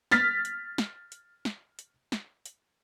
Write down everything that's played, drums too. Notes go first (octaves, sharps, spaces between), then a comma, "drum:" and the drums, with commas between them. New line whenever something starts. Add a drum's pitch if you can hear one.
F6 A6 B6, drum: snare
drum: hi-hat
drum: snare
drum: hi-hat
drum: snare
drum: hi-hat
drum: snare
drum: hi-hat